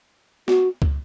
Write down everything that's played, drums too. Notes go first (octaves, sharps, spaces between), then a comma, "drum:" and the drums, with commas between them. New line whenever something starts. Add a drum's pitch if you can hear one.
F#4, drum: snare
drum: kick